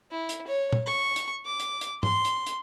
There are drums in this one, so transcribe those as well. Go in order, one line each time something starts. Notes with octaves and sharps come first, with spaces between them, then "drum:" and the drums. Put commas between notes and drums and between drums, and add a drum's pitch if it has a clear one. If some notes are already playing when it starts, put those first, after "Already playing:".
E4
drum: hi-hat
C#5
drum: tom
C#6
drum: hi-hat
D6
drum: hi-hat
drum: hi-hat
C6, drum: tom
drum: hi-hat
drum: hi-hat